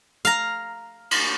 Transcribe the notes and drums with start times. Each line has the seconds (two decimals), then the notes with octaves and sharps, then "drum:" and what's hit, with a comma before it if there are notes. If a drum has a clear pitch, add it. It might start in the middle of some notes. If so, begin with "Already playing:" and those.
0.25 F5 A#5
1.11 drum: cymbal